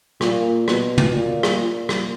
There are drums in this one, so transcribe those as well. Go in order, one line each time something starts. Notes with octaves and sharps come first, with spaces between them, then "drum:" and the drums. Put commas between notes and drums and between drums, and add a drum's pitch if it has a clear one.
A#2, drum: rim click
B2, drum: rim click
drum: tom
A#2
drum: rim click
A#2
drum: rim click